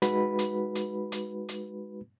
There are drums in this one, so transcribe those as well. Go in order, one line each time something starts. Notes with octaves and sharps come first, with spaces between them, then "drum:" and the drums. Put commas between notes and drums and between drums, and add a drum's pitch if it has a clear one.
G#3 D#4 F#4 B4 B5, drum: hi-hat
drum: hi-hat
drum: hi-hat
drum: hi-hat
drum: hi-hat